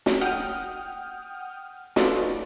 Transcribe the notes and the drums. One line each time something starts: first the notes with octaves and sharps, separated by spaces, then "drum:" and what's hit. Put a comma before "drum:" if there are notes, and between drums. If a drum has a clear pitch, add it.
drum: snare
F#5 G5 D#6 F6 G6
D#4 F4 F#4 A4 B4 D5, drum: snare